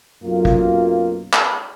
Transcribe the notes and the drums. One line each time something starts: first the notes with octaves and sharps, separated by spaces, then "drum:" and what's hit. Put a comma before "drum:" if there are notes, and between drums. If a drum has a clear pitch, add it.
B1 F#2 A#3 F4
drum: kick
drum: clap